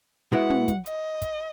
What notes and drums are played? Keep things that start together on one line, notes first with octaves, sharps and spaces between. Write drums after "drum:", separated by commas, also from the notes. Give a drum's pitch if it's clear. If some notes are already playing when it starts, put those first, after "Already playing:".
B2 G#3 B3 E4 F#5
drum: tom
drum: kick, hi-hat
D#5, drum: hi-hat
drum: kick, hi-hat